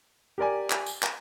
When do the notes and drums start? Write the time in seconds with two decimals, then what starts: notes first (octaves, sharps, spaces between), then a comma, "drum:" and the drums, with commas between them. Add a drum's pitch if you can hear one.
0.38 G4 A#4 D5 G#5
0.70 drum: clap
0.86 drum: tambourine
1.03 drum: clap